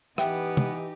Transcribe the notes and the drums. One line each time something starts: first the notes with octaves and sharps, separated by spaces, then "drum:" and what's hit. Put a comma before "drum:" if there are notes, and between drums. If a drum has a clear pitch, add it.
E3 B3 D#4 G4 E5 G5, drum: rim click
drum: tom